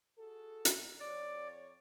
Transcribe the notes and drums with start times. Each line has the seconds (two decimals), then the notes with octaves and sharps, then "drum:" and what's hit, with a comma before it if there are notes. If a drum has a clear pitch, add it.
0.18 F#4 G#4 A4
0.65 drum: hi-hat
1.00 F2 C#5 D5